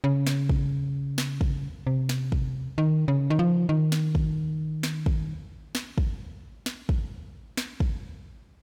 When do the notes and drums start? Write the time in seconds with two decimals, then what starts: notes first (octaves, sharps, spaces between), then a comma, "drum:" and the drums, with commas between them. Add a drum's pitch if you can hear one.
0.04 C#3
0.27 drum: snare
0.49 drum: kick
1.18 drum: snare
1.41 drum: kick
1.87 C3
2.09 drum: snare
2.32 drum: kick
2.78 D#3
3.08 C#3
3.30 D#3
3.39 F3
3.69 D#3
3.92 drum: snare
4.15 drum: kick
4.83 drum: snare
5.06 drum: kick
5.75 drum: snare
5.98 drum: kick
6.66 drum: snare
6.89 drum: kick
7.57 drum: snare
7.80 drum: kick